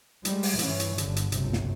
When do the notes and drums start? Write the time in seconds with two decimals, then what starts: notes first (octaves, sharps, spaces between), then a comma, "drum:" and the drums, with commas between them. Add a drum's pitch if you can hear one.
0.25 G3 G#3, drum: hi-hat
0.43 drum: open hi-hat
0.59 G2 E3 C#4, drum: hi-hat
0.80 drum: hi-hat
0.98 G1 D3, drum: hi-hat
1.16 drum: hi-hat
1.32 G1 C#2 F#2 C3, drum: hi-hat
1.53 drum: snare